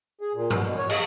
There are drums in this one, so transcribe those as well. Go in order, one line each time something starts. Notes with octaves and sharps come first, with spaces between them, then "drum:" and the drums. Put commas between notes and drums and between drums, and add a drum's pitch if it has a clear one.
G#4
A#2
B2, drum: tom G2
B2
C#5
D#5, drum: cymbal